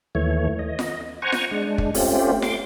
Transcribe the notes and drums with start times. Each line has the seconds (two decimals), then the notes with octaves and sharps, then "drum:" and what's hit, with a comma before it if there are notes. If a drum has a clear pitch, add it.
0.15 D#2 E3 A3 C#5
0.59 D#5
0.79 drum: snare F4
1.22 C5 F#5 G#5 A#5 C#6
1.32 drum: snare F4
1.51 G#3 D4
1.78 drum: kick
1.94 A3 C4 C#4 F4 G4, drum: open hi-hat
2.42 C6 D6, drum: snare F4